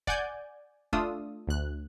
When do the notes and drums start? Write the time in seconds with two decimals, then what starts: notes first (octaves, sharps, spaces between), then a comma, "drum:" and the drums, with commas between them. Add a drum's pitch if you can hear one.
0.07 D5 F#5 G#5 G6 G#6, drum: kick
0.93 A3 D4 F4 D#6 E6, drum: kick
1.47 D2 F#6